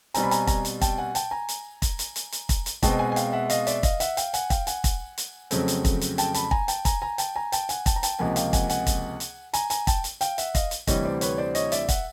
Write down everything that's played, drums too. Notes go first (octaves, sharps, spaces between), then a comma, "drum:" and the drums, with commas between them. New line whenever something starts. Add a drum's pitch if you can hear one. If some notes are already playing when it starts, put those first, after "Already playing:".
B2 G3 C4 G#5 A#5, drum: hi-hat
B5
G#5 A#5, drum: hi-hat
G#5 A#5, drum: kick, hi-hat
drum: hi-hat
G5 A5, drum: kick, hi-hat
F#5 G#5
G5 A5, drum: hi-hat
G#5 A#5
drum: hi-hat
drum: kick, hi-hat
drum: hi-hat
drum: hi-hat
drum: hi-hat
drum: kick, hi-hat
drum: hi-hat
B2 G#3 C4 G5 A5, drum: kick, hi-hat
F#5 G#5
G#5
F5 G5, drum: hi-hat
E5 F#5
D#5 F5, drum: hi-hat
D5 E5, drum: hi-hat
D#5 F5, drum: kick, hi-hat
E5 F#5, drum: hi-hat
F5 G5, drum: hi-hat
F#5 G#5, drum: hi-hat
F5 G5, drum: kick, hi-hat
F#5 G#5, drum: hi-hat
drum: kick, hi-hat
drum: hi-hat
F2 C#3 F#3 A3 C4, drum: hi-hat
drum: hi-hat
drum: kick, hi-hat
drum: hi-hat
G5 A5, drum: hi-hat
A5 B5, drum: hi-hat
G#5 A#5, drum: kick
G5 A5, drum: hi-hat
G#5 A#5, drum: kick, hi-hat
G#5 A#5
G5 A5, drum: hi-hat
G#5 A#5
G5 A5, drum: hi-hat
F#5 G#5, drum: hi-hat
G5 A5, drum: kick, hi-hat
A#5
G5 A5, drum: hi-hat
C#2 C3 F3 A#3 F#5 G#5
F5 G5, drum: hi-hat
F#5 G#5, drum: kick, hi-hat
F#5 G#5, drum: hi-hat
drum: kick, hi-hat
drum: hi-hat
G#5 A#5, drum: hi-hat
G#5 A#5, drum: hi-hat
G5 A5, drum: kick, hi-hat
drum: hi-hat
F5 G5, drum: hi-hat
E5 F#5, drum: hi-hat
D#5 F5, drum: kick, hi-hat
drum: hi-hat
D2 C3 E3 G3 C#5 D#5, drum: kick, hi-hat
C5 D5
B4 C#5, drum: hi-hat
C5 D5
C#5 D#5, drum: hi-hat
D5 E5, drum: hi-hat
E5 F#5, drum: kick, hi-hat